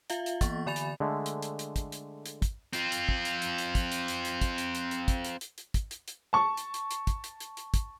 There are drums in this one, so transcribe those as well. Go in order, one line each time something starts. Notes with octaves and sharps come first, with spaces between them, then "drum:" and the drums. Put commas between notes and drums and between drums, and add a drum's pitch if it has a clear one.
F4 E5 F5, drum: hi-hat
drum: hi-hat
E3 A#3 B3 C#6 A6, drum: kick, hi-hat
D3 D5 G#5 B5 A6 F7
drum: hi-hat
D3 G#3 A3
drum: hi-hat
drum: hi-hat
drum: hi-hat
drum: kick, hi-hat
drum: hi-hat
drum: hi-hat
drum: kick, hi-hat
C4 F4, drum: hi-hat
drum: hi-hat
drum: kick
drum: hi-hat
drum: hi-hat
drum: hi-hat
drum: kick, hi-hat
drum: hi-hat
drum: hi-hat
drum: hi-hat
drum: kick, hi-hat
drum: hi-hat
drum: hi-hat
drum: hi-hat
drum: kick, hi-hat
drum: hi-hat
drum: hi-hat
drum: hi-hat
drum: kick, hi-hat
drum: hi-hat
drum: hi-hat
A5 C#6
drum: hi-hat
drum: hi-hat
drum: hi-hat
drum: kick, hi-hat
drum: hi-hat
drum: hi-hat
drum: hi-hat
drum: kick, hi-hat